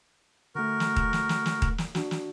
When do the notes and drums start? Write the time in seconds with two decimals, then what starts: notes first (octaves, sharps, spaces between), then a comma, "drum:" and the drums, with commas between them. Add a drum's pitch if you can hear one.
0.55 D3 A3 F#4 A#4
0.80 drum: snare
0.97 drum: kick D#1
1.13 drum: snare
1.29 drum: snare
1.46 drum: snare
1.62 drum: kick D#1
1.78 drum: snare
1.95 D4 F#4, drum: snare
2.11 drum: snare